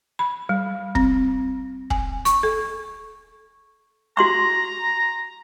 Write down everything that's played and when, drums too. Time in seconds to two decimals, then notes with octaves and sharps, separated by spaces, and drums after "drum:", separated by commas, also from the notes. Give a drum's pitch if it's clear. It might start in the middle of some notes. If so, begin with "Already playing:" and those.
0.19 B5
0.49 G3
0.95 C4, drum: kick
1.90 G#5, drum: kick
2.25 C#6, drum: hi-hat
2.43 A4
4.17 F#4 A#5 C6 C#6